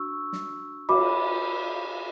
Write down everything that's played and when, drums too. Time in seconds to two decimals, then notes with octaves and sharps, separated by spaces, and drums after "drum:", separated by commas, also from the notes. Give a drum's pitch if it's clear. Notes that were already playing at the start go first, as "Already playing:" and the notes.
Already playing: D4 F#4 C#6 E6
0.33 drum: snare
0.89 F#4 C#5 B5 D6, drum: cymbal